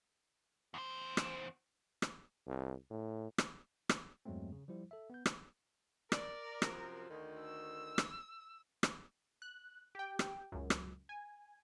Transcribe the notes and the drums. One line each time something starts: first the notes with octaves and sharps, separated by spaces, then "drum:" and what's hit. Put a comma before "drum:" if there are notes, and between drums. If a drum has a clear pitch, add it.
E2 C5
drum: rim click
drum: rim click
C2
A2
drum: rim click
drum: rim click
E2 G2 F#3 G#3 A3 C4
C#3
F3 G3 E4 C5
A4 E5
B3 G6
drum: rim click
A#4 D5, drum: rim click
F#2 C3 F3, drum: rim click
D2 D#3
E6
drum: rim click
drum: rim click
F#6
G4 G5
drum: rim click
C#2 F#2
drum: rim click
G#5